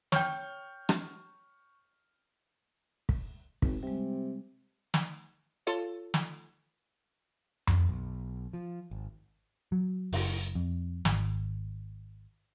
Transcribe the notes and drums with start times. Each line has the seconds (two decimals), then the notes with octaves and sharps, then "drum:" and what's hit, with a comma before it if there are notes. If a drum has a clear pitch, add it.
0.12 C#5 G5 C#6 F6 G6, drum: snare
0.89 drum: rim click
3.09 drum: kick
3.62 G#1, drum: kick
3.83 C3 G3 G#3
4.94 drum: snare
5.67 F4 A4 C#5
6.14 drum: snare
7.67 drum: tom F2
7.89 B1
8.53 F3
8.91 G#1
9.72 F#3
10.13 F#1, drum: open hi-hat
10.55 F2
11.05 G#1, drum: snare